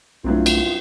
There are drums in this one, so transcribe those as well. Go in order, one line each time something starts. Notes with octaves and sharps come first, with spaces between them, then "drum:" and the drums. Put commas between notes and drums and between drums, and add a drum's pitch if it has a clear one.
B1 G2 F#3 A3 C4 D4 E4 F4
drum: cymbal